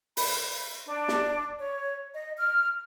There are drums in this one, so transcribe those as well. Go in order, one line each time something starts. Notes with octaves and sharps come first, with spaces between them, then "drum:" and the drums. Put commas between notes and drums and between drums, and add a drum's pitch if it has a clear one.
B5, drum: open hi-hat
D4
drum: snare
C#5
D#5
F6